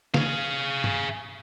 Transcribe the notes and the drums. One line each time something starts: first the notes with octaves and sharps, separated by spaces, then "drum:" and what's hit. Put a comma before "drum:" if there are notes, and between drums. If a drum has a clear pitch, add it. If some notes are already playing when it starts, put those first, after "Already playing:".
G#4 F5, drum: snare
drum: tom G2